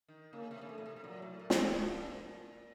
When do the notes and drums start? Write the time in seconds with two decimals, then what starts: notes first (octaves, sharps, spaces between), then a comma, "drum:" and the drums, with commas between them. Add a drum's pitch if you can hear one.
0.08 D#3
0.33 C#3 A#3
0.51 C3
0.61 C#3
0.69 C3 A3
0.78 A#2
0.86 C3
0.96 C3
1.04 A#2 F#3
1.22 A2
1.39 A#2
1.50 A#2, drum: snare
1.57 A2
1.75 A#2 F3
1.84 C3
1.91 A#2